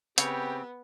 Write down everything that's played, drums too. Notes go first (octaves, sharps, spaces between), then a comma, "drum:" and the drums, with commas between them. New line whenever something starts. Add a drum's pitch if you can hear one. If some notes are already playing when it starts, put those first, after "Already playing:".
C#3 B3 C4 G4 C#5, drum: hi-hat